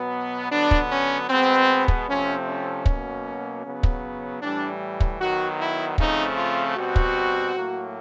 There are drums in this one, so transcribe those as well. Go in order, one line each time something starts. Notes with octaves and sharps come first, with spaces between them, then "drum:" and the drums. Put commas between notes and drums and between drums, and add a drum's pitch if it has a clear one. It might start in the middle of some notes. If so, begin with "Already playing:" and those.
Already playing: B2 F#3 B3
D3 F#3 B3 D4
drum: kick
C#4
B2 G#3 B3 C4
drum: kick
C3 F3 A3 C4 C#4
C#4
B2 F#3 A#3, drum: kick
C#3 F#3 B3
drum: kick
A2 E3 G3 D4
drum: kick
D#3 F#3 B3 F#4
E4
C#3 F3 A3 C4 D#4, drum: kick
F4
B2 G3 C4 F#4
drum: kick
A2 F#3 A#3